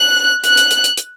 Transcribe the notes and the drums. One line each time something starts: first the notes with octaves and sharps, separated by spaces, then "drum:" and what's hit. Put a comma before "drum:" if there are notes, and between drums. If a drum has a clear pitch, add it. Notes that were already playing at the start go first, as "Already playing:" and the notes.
Already playing: F#6
F#6, drum: hi-hat
drum: hi-hat
drum: hi-hat
drum: hi-hat
drum: hi-hat